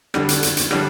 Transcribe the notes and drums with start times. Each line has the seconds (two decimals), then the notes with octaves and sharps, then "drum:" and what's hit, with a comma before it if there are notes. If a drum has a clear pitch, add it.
0.14 D3 G3 D4, drum: rim click
0.29 drum: hi-hat
0.43 drum: hi-hat
0.57 drum: hi-hat
0.71 D3 G3 D4, drum: rim click